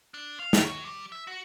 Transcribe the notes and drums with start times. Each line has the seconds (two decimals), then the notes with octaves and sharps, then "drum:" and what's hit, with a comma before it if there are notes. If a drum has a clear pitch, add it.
0.14 D4
0.39 F5
0.53 drum: snare
0.65 F#3
0.85 G3
1.12 E5
1.27 F#4